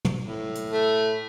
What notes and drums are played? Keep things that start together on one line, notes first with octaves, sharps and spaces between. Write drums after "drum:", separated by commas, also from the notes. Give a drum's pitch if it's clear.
drum: tom
A2
drum: hi-hat
A3